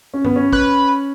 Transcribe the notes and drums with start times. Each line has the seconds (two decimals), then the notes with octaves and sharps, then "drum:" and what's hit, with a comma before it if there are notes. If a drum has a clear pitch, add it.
0.14 C#4
0.25 B3, drum: tom G2
0.36 C#4
0.53 B4, drum: kick